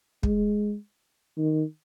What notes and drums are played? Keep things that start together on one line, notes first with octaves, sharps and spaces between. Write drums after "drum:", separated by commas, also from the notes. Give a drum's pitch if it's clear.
G#3, drum: kick
D#3